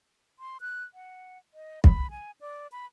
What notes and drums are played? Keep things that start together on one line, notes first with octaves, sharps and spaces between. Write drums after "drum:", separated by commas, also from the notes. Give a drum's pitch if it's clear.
C6
F#6
F#5
D#5
B5, drum: kick
G#5
D5
B5